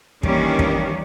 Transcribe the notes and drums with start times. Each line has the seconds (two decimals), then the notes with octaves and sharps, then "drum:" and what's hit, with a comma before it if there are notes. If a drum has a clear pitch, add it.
0.23 D#3 E3 G3 A#3 C#4 D4, drum: kick
0.59 drum: kick